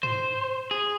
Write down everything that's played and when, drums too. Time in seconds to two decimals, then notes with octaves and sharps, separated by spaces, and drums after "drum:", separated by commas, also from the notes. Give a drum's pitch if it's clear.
0.03 C5, drum: tom
0.71 G#4